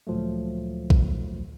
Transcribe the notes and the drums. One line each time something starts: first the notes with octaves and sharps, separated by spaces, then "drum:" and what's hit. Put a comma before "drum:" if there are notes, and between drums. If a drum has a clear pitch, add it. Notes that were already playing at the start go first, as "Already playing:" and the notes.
D2 A#2 F3 F#3 A3
drum: kick A#1